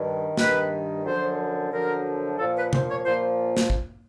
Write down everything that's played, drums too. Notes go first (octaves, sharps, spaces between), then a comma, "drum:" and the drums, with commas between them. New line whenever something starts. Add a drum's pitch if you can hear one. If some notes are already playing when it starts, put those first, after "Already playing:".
Already playing: G2 D#3
G2 D#3 B4, drum: snare
F#2 D3 F3 C5
F#2 D3 F3 A#4
A#2 F3 A4
B4
C5, drum: tom C3
C#5
A#2 F3 C5
drum: snare
drum: kick